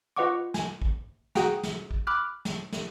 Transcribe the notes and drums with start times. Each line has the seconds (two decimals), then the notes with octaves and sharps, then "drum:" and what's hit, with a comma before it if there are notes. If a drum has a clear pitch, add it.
0.16 F4 B4 D#5 F#5 C#6 D6
0.54 G#5, drum: snare
0.82 drum: kick A1
1.35 F#4 G#4 F#5 G5 A#5, drum: snare
1.63 drum: snare
1.91 drum: kick A1
2.07 B5 D6 F6 F#6
2.45 drum: snare
2.72 drum: snare